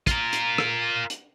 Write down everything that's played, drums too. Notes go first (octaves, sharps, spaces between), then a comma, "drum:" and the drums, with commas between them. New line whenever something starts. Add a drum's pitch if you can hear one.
F4 A#4, drum: kick, hi-hat
drum: hi-hat
drum: rim click
drum: hi-hat